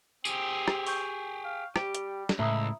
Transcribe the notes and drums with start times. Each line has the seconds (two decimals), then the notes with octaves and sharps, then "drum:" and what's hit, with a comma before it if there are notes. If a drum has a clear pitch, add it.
0.25 C4 G4 G#4, drum: tambourine
0.68 drum: rim click
0.86 C#6 G6, drum: open hi-hat
1.44 F5
1.76 G3 G4, drum: rim click
1.95 drum: hi-hat
2.29 drum: snare
2.39 C#2 A2 E4 E5 A#5 D#6